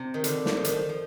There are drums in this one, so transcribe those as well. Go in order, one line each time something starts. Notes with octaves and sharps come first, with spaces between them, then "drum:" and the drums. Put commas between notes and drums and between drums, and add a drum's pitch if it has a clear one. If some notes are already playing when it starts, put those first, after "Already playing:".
Already playing: C3
D#3
D3, drum: hi-hat
drum: snare
F3
D#3, drum: hi-hat
F3
F3